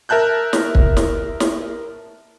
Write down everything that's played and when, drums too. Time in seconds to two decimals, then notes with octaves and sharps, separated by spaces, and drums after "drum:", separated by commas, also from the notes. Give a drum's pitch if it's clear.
0.09 A#4 E5 A5 F#6 G6
0.53 drum: snare
0.75 drum: kick
0.97 drum: snare
1.40 drum: snare